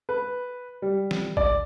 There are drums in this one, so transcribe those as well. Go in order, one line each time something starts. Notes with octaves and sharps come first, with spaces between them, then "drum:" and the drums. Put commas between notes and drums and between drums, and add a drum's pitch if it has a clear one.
B4
G3
drum: snare
D5, drum: kick